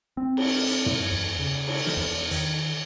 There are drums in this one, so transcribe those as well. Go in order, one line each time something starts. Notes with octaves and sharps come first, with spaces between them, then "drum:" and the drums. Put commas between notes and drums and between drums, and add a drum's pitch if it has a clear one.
C4
drum: cymbal
drum: hi-hat
drum: tom
E2
C#3
drum: cymbal
drum: snare
E2
D#3, drum: hi-hat